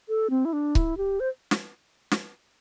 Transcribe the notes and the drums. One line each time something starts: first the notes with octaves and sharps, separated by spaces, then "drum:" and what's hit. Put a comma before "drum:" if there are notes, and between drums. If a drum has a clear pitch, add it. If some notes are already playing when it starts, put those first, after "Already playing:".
A4
C4
E4
D4
E4, drum: kick C#1
G4
C5
drum: snare
drum: snare